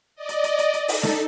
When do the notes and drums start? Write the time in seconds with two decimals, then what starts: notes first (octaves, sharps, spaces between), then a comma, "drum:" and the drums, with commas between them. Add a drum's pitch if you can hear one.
0.15 D5 D#5
0.29 drum: hi-hat
0.44 drum: hi-hat
0.59 drum: hi-hat
0.73 drum: hi-hat
0.88 D#4 A4, drum: open hi-hat
1.03 drum: snare